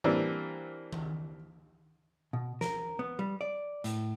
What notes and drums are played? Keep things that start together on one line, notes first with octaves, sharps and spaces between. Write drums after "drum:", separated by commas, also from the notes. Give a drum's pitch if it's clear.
E3 G3 A#3 C4 D4
drum: tom D#3
B2
A#4, drum: snare
B3
G3
D5
A2, drum: hi-hat